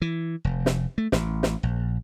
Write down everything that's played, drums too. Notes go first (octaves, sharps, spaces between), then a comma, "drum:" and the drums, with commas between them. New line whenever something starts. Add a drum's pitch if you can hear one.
E3
F1
drum: snare
A3
A1, drum: snare
drum: snare
A#1